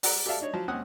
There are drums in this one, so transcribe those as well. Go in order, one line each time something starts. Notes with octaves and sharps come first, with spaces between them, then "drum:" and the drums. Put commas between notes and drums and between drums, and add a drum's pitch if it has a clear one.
D5 F#5 A#5, drum: open hi-hat
G4 A4 D5 E5 F5 A5
D4 D#4 C#5
F3 F#3
D#2 C4 C#4 F#5 D#6 F#6